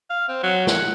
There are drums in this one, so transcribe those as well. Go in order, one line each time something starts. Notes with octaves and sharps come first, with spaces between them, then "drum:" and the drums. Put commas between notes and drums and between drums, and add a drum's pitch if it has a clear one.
F5
C4
F#3
F#5, drum: snare